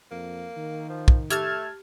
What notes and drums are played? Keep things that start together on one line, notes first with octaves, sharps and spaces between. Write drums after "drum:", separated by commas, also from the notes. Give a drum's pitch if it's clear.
F2 A#3
D#3
F3
drum: kick
A3 G4 A5 F6 G#6, drum: hi-hat